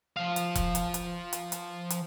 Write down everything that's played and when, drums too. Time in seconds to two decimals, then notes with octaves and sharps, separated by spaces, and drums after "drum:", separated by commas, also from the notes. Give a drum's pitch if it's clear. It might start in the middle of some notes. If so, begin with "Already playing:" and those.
0.17 F3 F5
0.36 drum: hi-hat
0.55 drum: kick E1, hi-hat
0.75 drum: hi-hat
0.94 drum: hi-hat
1.33 drum: hi-hat
1.52 drum: hi-hat
1.90 drum: hi-hat